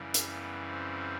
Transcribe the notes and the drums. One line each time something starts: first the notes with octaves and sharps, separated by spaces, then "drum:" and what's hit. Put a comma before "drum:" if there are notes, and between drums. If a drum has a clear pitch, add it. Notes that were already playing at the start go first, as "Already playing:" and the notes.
Already playing: F#2 C#3 E3 G3
drum: hi-hat
B3
C4